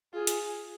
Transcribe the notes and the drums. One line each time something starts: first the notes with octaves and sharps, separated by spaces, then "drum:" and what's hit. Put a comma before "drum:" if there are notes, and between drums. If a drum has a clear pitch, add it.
F4 G#4
drum: hi-hat